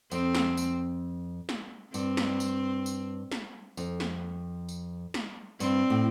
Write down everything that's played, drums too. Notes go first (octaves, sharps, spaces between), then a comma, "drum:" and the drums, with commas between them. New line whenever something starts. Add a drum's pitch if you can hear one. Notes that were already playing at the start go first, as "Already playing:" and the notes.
F2 C4, drum: tambourine
drum: snare
drum: tambourine
drum: snare
G2 C4, drum: tambourine
drum: snare
drum: tambourine
drum: tambourine
drum: snare
F2, drum: tambourine
drum: snare
drum: tambourine
drum: snare
G2 C4, drum: tambourine
A2